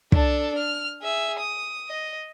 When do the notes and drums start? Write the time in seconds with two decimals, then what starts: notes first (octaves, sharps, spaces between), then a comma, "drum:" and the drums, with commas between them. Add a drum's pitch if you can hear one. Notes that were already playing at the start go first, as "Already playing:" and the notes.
0.12 D4 A4, drum: kick
0.58 F6
1.02 G#4 E5
1.39 D#6
1.89 D#5